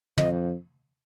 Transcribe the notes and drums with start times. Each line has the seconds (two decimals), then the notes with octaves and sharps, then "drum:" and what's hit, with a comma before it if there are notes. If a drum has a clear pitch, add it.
0.18 F2 D#5, drum: tom